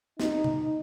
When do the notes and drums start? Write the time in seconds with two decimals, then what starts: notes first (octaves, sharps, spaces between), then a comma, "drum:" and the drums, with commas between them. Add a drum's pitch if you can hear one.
0.20 D#4, drum: snare
0.44 drum: tom C3